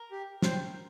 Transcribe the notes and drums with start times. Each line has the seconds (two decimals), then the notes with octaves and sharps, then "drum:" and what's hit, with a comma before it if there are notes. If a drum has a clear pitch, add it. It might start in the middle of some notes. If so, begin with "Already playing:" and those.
Already playing: A#4
0.11 G4
0.42 C5 G5, drum: snare